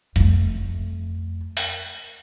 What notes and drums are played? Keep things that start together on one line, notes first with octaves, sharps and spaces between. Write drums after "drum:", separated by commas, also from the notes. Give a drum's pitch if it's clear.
F2 A3, drum: hi-hat
drum: open hi-hat